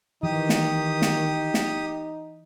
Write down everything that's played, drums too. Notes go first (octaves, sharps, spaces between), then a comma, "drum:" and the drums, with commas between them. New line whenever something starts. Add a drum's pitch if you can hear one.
D#3 E3 D#4 G4 D#6
drum: snare
drum: snare
drum: snare